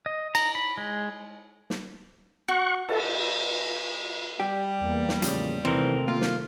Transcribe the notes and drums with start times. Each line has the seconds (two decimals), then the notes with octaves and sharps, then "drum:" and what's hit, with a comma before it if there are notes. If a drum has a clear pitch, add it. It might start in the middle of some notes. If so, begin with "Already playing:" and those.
0.06 D#5
0.35 A#5, drum: cymbal
0.55 B5
0.78 G#3
1.70 drum: snare
2.48 F#4 F#5 C#6
2.89 A4, drum: cymbal
4.40 G3 G4
4.82 E2 A#3
5.09 drum: snare
5.22 A2 C#3 F3, drum: hi-hat
5.65 C3 D#3 E3 A3 C4 A#4, drum: rim click
6.08 A#3 F4
6.21 drum: snare